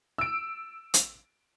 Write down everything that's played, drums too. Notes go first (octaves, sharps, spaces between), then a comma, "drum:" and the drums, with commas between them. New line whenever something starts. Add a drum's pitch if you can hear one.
E6 D7
drum: hi-hat